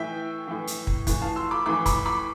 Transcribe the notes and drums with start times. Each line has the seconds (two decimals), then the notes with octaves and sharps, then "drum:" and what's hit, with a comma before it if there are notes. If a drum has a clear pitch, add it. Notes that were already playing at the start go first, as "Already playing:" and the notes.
Already playing: A2 E3 E5 G5
0.47 A2 E3
0.67 drum: hi-hat
0.87 drum: kick
1.07 A2 E3, drum: kick, hi-hat
1.21 F5 A5
1.36 C6 E6
1.51 B5 D6
1.66 A2 E3 B5 D6
1.86 B5 D6, drum: kick, hi-hat
2.06 B5 D6